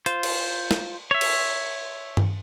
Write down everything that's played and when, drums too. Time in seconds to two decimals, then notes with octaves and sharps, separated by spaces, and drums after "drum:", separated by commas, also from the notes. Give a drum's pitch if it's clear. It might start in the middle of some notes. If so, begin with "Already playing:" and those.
0.06 F4 C5, drum: hi-hat
0.23 drum: cymbal
0.71 drum: snare
1.11 C#5 E5
1.21 drum: cymbal
2.17 drum: tom G2